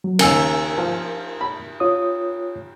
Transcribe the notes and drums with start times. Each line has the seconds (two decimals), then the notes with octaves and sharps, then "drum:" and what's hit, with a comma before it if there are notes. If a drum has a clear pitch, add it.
0.04 F#3
0.19 D#2 C#3 A#4 G#5 E6, drum: cymbal
0.78 F3
1.41 B5
1.80 F4 C#5 D#6